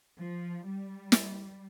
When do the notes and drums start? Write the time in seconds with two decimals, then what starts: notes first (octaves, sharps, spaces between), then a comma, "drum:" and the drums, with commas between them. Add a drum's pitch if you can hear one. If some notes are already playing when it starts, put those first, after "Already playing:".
0.18 F3
0.65 G3
1.12 drum: snare